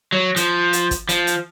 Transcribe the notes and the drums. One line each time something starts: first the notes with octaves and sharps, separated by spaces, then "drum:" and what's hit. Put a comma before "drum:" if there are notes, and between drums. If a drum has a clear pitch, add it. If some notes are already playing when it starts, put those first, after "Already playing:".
F#3
F3, drum: hi-hat
drum: hi-hat
drum: kick, hi-hat
F3, drum: hi-hat
drum: hi-hat